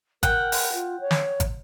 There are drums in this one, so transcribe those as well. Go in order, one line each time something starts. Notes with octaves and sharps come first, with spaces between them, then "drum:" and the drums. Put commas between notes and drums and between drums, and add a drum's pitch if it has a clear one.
A#4 F#5 G5, drum: kick G#1, hi-hat
drum: open hi-hat
F4
C#5
drum: snare
drum: kick G#1, hi-hat